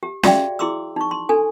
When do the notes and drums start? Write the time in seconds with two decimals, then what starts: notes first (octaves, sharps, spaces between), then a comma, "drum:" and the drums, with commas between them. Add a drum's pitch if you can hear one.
0.03 G4
0.23 F#4 G#4 D5 E5 F5 G5, drum: snare C#4
0.59 E4 G#4 C6 D6 E6
0.96 D#4 C#6
1.11 C6
1.29 D4 A4 G#5